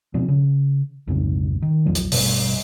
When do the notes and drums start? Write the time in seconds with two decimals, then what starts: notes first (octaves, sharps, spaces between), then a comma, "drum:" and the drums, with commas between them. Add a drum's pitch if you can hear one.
0.14 B2 F3 C4 D4
0.28 C#3
1.08 B1 F2 G#2 C#3
1.62 D#3
1.86 A#1 E2 F3 F#3
1.95 drum: hi-hat
2.12 A1 G2 B2, drum: open hi-hat